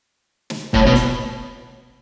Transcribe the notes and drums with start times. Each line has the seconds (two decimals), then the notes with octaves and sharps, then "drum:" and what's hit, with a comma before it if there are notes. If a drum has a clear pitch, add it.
0.50 drum: snare
0.74 A2, drum: kick
0.86 B2
0.95 drum: hi-hat